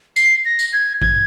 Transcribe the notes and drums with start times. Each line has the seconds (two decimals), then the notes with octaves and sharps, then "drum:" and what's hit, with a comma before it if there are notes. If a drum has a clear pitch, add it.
0.16 C7, drum: tambourine
0.45 A#6
0.59 drum: tambourine
0.73 G#6
1.02 G#6, drum: kick A1